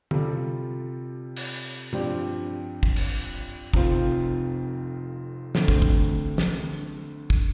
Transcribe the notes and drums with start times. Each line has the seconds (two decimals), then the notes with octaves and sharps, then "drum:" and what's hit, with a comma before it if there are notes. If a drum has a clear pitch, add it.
0.11 C3 G3 F4 A4, drum: tom
1.36 drum: cymbal
1.93 G2 F3 C4 G4 D5, drum: tom
2.83 drum: kick
2.96 drum: cymbal
3.25 drum: tambourine
3.74 F1 F2 F3 C4 F4, drum: kick
5.55 D2 D3 A3 C4, drum: snare
5.68 drum: kick
5.82 drum: kick
6.38 drum: snare
7.30 drum: kick